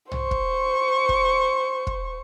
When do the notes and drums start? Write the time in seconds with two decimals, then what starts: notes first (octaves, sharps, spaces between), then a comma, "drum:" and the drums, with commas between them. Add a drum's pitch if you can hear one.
0.12 C5 C#6, drum: tom B1
0.31 drum: kick
1.09 drum: kick
1.87 drum: kick